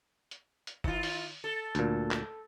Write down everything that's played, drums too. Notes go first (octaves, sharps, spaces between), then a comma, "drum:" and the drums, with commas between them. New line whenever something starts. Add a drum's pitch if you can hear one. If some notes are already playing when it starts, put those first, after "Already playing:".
drum: hi-hat
drum: hi-hat
D#3 F4, drum: kick
drum: open hi-hat
A4
D2 A#2, drum: hi-hat
drum: clap